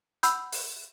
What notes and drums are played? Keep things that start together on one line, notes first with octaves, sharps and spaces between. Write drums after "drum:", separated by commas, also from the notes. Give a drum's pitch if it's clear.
F#5 B5 E6 G6, drum: hi-hat
drum: open hi-hat